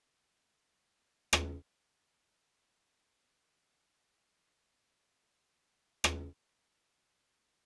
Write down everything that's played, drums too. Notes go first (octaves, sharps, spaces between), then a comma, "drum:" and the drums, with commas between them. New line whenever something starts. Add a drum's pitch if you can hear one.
F3
drum: rim click
A#2 C#3 F3 G#3 C4 D#4
F#3
A5
A#3
A#4
C4
E4
D#4
A4 D#5 E6
drum: rim click